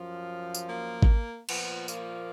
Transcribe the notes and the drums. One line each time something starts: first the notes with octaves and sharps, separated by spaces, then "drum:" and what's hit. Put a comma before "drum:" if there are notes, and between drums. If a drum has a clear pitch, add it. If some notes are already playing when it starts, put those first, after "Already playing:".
Already playing: F#2 F3
drum: tambourine
A#3
drum: kick G#1
A#2 F3 B3, drum: cymbal
A#3, drum: tambourine